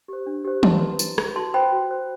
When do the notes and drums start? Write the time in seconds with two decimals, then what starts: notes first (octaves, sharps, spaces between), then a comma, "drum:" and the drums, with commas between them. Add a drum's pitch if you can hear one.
0.08 G4 C5
0.26 D4
0.45 G4 C5
0.63 E4 A5 C6, drum: tom
0.81 B4
0.99 E4, drum: tambourine
1.18 B4, drum: rim click
1.36 F#4 A5 C6
1.54 C5 G5 B5
1.72 F#4
1.91 C5